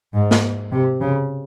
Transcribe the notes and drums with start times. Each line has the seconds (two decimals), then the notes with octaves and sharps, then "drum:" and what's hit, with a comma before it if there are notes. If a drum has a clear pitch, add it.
0.14 G#2
0.31 drum: snare
0.72 C3
1.01 C#3